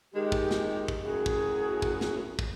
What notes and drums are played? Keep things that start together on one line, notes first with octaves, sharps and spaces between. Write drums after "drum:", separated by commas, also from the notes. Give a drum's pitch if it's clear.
D#3 G#3 G4
drum: kick
drum: snare
drum: kick
F#2 A2 F#4 G#4
drum: kick
drum: kick
drum: snare
drum: kick